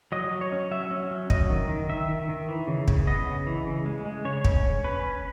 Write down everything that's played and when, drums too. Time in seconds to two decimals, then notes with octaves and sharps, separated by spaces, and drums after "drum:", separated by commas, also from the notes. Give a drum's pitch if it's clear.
0.12 F#3 D#5
0.31 F#3
0.41 C#5
0.52 C#4
0.71 F#3 E5
0.91 C#4
1.11 F#3
1.30 F#3 D#5, drum: kick
1.50 D#3
1.69 D#3
1.90 D#3 E5
2.08 D#3
2.29 D#3
2.48 E3
2.67 C#3
2.88 C#3, drum: kick
3.07 B3 D#5
3.27 C#3
3.47 E3
3.67 C#3
3.86 G#3
4.06 G#3
4.25 C#3 C#5
4.45 C#4, drum: kick
4.65 C#4
4.84 C#4 B4
5.04 C#4